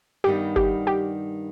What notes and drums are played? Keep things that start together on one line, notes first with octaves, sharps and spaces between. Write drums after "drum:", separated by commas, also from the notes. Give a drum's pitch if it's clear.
G2 D#3 G3 B3 G4
G4, drum: kick
G4